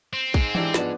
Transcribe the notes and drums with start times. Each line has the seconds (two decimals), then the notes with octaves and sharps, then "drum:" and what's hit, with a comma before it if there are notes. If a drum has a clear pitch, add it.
0.13 C4
0.34 D#4 G#4, drum: kick
0.55 E3 D4 G4, drum: tom
0.74 F3 B3 D4, drum: snare